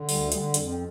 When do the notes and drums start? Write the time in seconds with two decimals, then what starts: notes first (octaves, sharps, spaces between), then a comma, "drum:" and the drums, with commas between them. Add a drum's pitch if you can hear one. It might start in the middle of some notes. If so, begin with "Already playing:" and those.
Already playing: D3
0.09 D2 G3, drum: open hi-hat
0.32 D3 G3, drum: hi-hat
0.54 F2 G3, drum: hi-hat
0.70 C4